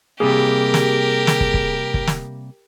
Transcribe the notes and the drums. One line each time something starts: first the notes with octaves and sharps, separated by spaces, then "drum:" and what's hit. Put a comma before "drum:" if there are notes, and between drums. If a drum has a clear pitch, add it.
C3 G3 A#3 G4 G#4 A#4
drum: snare
drum: snare
drum: kick
drum: kick
drum: kick
drum: snare